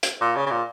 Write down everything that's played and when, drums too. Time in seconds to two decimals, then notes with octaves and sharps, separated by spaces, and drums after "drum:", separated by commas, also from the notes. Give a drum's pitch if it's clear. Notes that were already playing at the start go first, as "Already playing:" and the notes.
0.03 drum: hi-hat
0.21 A#2
0.36 C#3
0.46 C#3
0.51 A#2